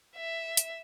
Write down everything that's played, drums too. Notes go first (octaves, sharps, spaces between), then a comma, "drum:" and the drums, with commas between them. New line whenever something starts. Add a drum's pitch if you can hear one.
E5
drum: hi-hat